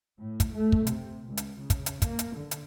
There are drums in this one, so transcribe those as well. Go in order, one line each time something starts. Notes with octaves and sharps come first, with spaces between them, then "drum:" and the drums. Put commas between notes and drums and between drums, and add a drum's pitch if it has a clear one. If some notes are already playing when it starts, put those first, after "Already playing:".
A2
drum: kick, hi-hat
A3
drum: kick
C3, drum: hi-hat
C#2
drum: hi-hat
C#3
drum: kick, hi-hat
drum: hi-hat
A#3, drum: kick, hi-hat
drum: hi-hat
D3
drum: hi-hat